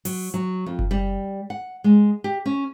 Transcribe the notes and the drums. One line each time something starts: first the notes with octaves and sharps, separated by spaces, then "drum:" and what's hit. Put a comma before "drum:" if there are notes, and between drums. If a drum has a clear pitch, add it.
F#3, drum: open hi-hat
F#3
F2
drum: kick F#1
G3
F#5
G#3
G4
C#4